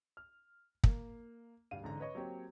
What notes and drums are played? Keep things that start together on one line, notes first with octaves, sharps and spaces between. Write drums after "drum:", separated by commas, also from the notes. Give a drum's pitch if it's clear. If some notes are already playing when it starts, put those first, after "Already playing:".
F6
A#3, drum: kick
D1 G2 F5 D#7
A1 G#2 D3 A#5
B4 C#5 D#5 C#6
F#3 A#3 C4 G4 C#5